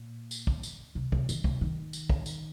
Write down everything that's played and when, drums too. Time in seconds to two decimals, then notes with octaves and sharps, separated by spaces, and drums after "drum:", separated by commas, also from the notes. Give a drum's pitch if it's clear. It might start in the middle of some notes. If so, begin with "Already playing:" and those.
Already playing: A#2
0.31 drum: tambourine
0.47 drum: kick
0.63 drum: tambourine
0.95 C3
1.12 C3, drum: kick
1.29 D#3, drum: tambourine
1.44 C3, drum: kick
1.61 D#3
1.93 drum: tambourine
2.10 drum: kick
2.26 drum: tambourine